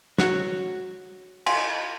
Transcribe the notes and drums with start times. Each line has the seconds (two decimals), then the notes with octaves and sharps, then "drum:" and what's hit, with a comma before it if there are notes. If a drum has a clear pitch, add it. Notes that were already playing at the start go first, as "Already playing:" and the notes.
0.18 F#4 C#5, drum: snare
1.46 F5 G#5 C6, drum: cymbal